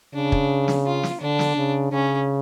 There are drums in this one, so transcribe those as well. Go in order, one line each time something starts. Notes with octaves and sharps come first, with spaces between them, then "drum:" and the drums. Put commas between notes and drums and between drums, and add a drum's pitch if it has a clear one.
C#3 D4
drum: kick
drum: snare
F4
drum: snare
D3 D4
drum: snare
C#3
C#3 C#4